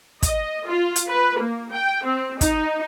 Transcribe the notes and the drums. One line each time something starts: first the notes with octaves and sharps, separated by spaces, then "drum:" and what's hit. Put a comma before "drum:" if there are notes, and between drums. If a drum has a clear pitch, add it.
D#5, drum: kick, hi-hat
F4
drum: hi-hat
B4
A#3
G5
C4
D#4, drum: kick, hi-hat